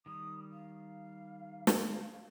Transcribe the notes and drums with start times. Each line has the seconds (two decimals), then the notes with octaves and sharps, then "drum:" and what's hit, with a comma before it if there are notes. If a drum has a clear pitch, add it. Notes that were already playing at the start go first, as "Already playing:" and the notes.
0.06 D#3 G3 D#6
0.52 F5
1.67 drum: snare